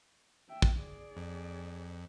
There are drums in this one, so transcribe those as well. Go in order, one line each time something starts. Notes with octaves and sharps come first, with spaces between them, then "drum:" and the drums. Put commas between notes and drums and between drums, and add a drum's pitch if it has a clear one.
E5 G5
drum: kick
G#4 D5
F2